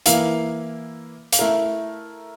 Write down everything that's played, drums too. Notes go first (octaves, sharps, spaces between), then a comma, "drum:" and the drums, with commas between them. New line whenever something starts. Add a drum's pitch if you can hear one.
E3 A#3 E4 F5, drum: hi-hat
F5, drum: hi-hat
A3 E4 A#4 E5